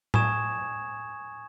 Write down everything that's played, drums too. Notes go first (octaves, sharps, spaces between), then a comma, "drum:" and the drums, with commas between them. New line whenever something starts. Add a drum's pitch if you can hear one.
G#5 C#6 D#6 G#6 E7, drum: tom A2